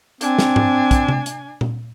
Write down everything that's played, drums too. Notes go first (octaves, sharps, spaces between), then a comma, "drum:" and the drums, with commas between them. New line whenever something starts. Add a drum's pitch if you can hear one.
C4 D4 G#5, drum: hi-hat
drum: snare
drum: tom G#2
drum: kick, hi-hat
drum: tom C3
drum: hi-hat
drum: tom A#2